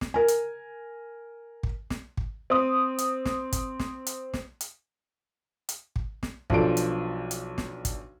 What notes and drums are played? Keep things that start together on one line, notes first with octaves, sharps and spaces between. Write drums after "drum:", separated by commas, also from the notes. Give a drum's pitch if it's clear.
drum: snare
A#4 G#5
drum: hi-hat
drum: kick
drum: snare
drum: kick
C4 D#6
drum: hi-hat
drum: snare
drum: kick, hi-hat
drum: snare
drum: hi-hat
drum: snare
drum: hi-hat
drum: hi-hat
drum: kick
drum: snare
B1 F3 D4 A4 D7, drum: kick
drum: hi-hat
drum: hi-hat
drum: snare
drum: kick, hi-hat